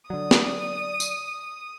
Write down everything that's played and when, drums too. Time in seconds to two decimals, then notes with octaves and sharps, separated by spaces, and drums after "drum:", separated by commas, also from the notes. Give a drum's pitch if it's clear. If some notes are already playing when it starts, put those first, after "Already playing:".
0.10 D3 F#3 D5 D#6
0.31 drum: snare
1.00 drum: tambourine